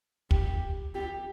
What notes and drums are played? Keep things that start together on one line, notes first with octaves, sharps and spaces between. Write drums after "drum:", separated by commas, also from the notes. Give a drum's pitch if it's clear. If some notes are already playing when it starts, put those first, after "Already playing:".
G4, drum: kick
G4